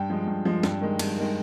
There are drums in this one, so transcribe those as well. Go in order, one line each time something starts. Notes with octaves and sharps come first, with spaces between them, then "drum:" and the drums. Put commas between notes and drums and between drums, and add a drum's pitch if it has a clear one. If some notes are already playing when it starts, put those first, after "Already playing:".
Already playing: G2 G5
F3 G#3
G2
F3 G#3
G2, drum: snare
D#3 G#3
G2, drum: cymbal
D#3 G#3